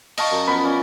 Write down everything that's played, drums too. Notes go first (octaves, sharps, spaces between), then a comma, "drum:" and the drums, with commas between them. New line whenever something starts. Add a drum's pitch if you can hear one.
D#5 F5 A5 C#6, drum: cymbal
F#2
F3 B3 A#4 B5
C#4 D5